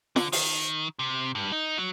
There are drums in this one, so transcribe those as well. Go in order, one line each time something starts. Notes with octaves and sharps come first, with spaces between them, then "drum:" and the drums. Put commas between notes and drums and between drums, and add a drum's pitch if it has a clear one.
D3, drum: snare F4
D#3, drum: open hi-hat
C3
G2
D#4
F#3